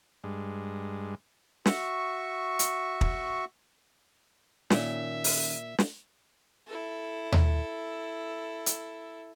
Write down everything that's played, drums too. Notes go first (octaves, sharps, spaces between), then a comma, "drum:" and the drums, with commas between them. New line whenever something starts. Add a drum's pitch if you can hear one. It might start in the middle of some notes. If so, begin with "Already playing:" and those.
G2 G#3
F#4 E5 C#6, drum: snare
drum: hi-hat
drum: kick
A#2 D#3 C#4 E5, drum: snare
drum: open hi-hat
drum: snare
E4 A4
drum: tom D#2
drum: hi-hat